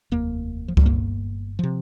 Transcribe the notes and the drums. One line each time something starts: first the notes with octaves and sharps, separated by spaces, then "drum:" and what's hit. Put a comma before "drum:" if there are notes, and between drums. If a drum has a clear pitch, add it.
F1 D#2 A#3
F3
G3, drum: kick C#2
G1 G2 A#3
C3 F3